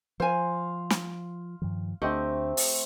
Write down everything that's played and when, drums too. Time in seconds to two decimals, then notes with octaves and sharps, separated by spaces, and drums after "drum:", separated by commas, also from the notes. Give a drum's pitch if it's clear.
0.20 F3 C5 F5 G#5 C6
0.90 drum: snare
1.62 G2 D#3 F3
2.02 D2 A3 C4 D4 G4 D#5 F#5
2.57 drum: open hi-hat